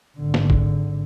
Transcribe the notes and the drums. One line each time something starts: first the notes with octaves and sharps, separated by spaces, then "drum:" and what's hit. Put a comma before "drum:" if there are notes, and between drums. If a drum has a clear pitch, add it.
G#1 D3
drum: snare
drum: kick